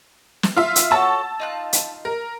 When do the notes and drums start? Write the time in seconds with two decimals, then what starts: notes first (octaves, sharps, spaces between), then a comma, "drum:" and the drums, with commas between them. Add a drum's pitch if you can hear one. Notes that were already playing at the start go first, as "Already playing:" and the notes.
0.43 drum: snare
0.57 F4 E5
0.76 drum: hi-hat
0.91 F#4 A4 C#5 A5 E6
1.40 D#4 F4 F#6
1.73 drum: hi-hat
2.05 A#4